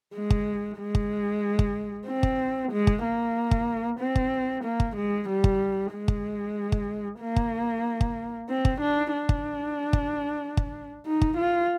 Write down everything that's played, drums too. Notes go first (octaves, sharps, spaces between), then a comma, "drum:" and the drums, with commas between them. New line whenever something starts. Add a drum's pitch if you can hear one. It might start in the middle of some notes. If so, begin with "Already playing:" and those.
G#3
drum: kick
G#3
drum: kick
drum: kick
C4
drum: kick
G#3
drum: kick
A#3
drum: kick
C4
drum: kick
A#3
drum: kick
G#3
G3
drum: kick
G#3
drum: kick
drum: kick
A#3
drum: kick
drum: kick
C4
drum: kick
D4
D4
drum: kick
drum: kick
drum: kick
D#4
drum: kick
F4